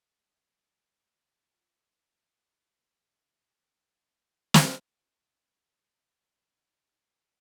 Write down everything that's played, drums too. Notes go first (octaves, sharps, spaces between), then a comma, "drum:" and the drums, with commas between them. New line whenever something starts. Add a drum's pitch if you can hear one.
G3
F4
C#3 G#4
G4
A4
drum: snare
C#4 F4 A#4 C5
C3 D#3